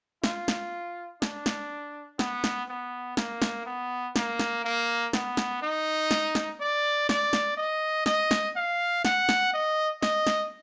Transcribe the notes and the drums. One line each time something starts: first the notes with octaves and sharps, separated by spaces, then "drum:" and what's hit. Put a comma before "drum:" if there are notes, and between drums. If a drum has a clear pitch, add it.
F4, drum: snare
drum: snare
D4, drum: snare
drum: snare
B3, drum: snare
drum: snare
B3
A#3, drum: snare
drum: snare
B3
A#3, drum: snare
drum: snare
A#3
B3, drum: snare
drum: snare
D#4
drum: snare
drum: snare
D5
D5, drum: snare
drum: snare
D#5
D#5, drum: snare
drum: snare
F5
F#5, drum: snare
drum: snare
D#5
D#5, drum: snare
drum: snare